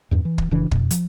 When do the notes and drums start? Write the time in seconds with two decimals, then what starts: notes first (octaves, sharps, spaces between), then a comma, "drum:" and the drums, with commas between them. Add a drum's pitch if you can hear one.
0.11 E2 G2
0.25 E3
0.38 drum: kick
0.51 F1 C#3 E3 D4
0.71 F2 B2, drum: kick
0.91 F3, drum: hi-hat